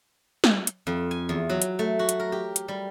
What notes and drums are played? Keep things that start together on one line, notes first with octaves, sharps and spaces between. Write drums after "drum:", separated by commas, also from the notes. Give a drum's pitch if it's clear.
drum: snare
drum: hi-hat
F2
G#5
E2
F#3
drum: hi-hat
A3
F#4
drum: hi-hat
A#4
G4
drum: hi-hat
G3